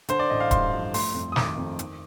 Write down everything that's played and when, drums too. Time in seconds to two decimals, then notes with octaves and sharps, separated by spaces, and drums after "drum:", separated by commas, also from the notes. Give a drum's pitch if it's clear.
0.09 D3 C5, drum: hi-hat
0.19 D5
0.30 A1 D#5
0.40 F5
0.51 G2 C6, drum: kick D1, hi-hat
0.73 F3
0.94 A3 C6, drum: open hi-hat
1.14 F2
1.32 D#6
1.36 D#3 D6, drum: snare
1.57 F2
1.79 D#3, drum: hi-hat